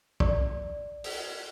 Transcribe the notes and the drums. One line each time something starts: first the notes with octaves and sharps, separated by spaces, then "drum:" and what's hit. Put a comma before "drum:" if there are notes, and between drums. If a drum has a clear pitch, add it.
D5, drum: kick
drum: open hi-hat